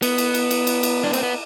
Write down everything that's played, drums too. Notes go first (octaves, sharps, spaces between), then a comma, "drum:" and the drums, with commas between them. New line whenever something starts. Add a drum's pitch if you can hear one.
B3, drum: cymbal
drum: cymbal
drum: cymbal
drum: cymbal
drum: cymbal
drum: cymbal
D4
C4, drum: cymbal
B3